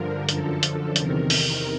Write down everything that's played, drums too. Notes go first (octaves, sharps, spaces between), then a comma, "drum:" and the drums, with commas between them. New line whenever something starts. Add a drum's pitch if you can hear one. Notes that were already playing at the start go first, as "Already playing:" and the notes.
Already playing: G2 D3 F3 A#4
F#2 D3 F3 A4, drum: hi-hat
drum: hi-hat
E2 C3 D#3 A#4, drum: hi-hat
drum: open hi-hat